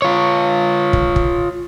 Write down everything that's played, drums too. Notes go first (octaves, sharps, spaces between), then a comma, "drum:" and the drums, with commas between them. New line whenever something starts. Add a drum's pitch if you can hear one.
F4 C#5
drum: kick
drum: kick